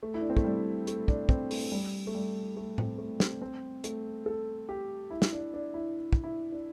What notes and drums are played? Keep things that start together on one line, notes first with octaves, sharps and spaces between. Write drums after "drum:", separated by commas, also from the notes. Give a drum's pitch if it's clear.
A3
E4
D4
C4
A3, drum: kick
G3
A3, drum: hi-hat
D4, drum: kick
C4, drum: kick
A3, drum: open hi-hat
G3
A3
G3
A3
C4, drum: tom A2
A3
C4, drum: snare
C4
A3, drum: hi-hat
A4
G4
E4
drum: snare
D4
D4
E4
drum: kick
E4
D4